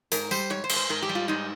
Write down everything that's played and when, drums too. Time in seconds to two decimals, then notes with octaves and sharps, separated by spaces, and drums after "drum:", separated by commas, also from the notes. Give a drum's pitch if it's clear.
0.12 G#2 A#4, drum: hi-hat
0.31 G3 C5, drum: tambourine
0.50 G#2 C#5
0.64 C5
0.69 G#2, drum: cymbal
0.76 C5
0.89 G#2 A#4
1.02 G4
1.09 G3
1.15 F4
1.28 G#2 D#4